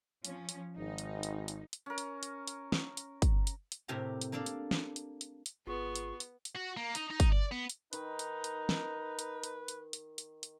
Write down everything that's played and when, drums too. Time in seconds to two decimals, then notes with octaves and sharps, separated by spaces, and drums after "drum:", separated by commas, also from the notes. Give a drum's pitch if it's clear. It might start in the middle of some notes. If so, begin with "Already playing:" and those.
0.25 F3 C#4, drum: hi-hat
0.49 drum: hi-hat
0.77 G#1 D#4
0.98 drum: hi-hat
1.23 drum: hi-hat
1.48 drum: hi-hat
1.73 drum: hi-hat
1.86 C#4 A#4
1.98 drum: hi-hat
2.23 drum: hi-hat
2.48 drum: hi-hat
2.72 drum: snare
2.97 drum: hi-hat
3.22 drum: kick, hi-hat
3.47 drum: hi-hat
3.72 drum: hi-hat
3.88 A2 C3 G4 A#4 A#5
4.22 drum: hi-hat
4.32 A#3 D4 A4 D5 F5
4.46 drum: hi-hat
4.71 drum: snare
4.96 drum: hi-hat
5.21 drum: hi-hat
5.46 drum: hi-hat
5.67 G#1 B3 F4 G#4 C#6
5.96 drum: hi-hat
6.20 drum: hi-hat
6.45 drum: hi-hat
6.56 F#4
6.77 A#3
6.95 D#4, drum: hi-hat
7.10 D#4
7.20 drum: kick, hi-hat
7.32 D5
7.52 B3
7.69 drum: hi-hat
7.93 D#3 D#4 B4, drum: hi-hat
8.19 drum: hi-hat
8.44 drum: hi-hat
8.69 drum: snare
9.19 drum: hi-hat
9.43 drum: hi-hat
9.68 drum: hi-hat
9.93 drum: hi-hat
10.18 drum: hi-hat
10.43 drum: hi-hat